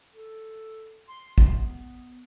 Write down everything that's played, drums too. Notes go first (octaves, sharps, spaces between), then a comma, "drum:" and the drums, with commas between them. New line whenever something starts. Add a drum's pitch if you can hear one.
A4
C6
drum: kick
B3